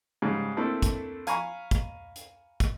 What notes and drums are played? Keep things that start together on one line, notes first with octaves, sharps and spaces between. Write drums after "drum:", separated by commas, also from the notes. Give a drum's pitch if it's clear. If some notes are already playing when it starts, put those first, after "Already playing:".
G#2 C#3 G3
A3 A#3 C4 D4 E4 A4
drum: kick, hi-hat
F5 G#5 A#5 B5 C#6, drum: hi-hat
drum: kick, hi-hat
drum: hi-hat
drum: kick, hi-hat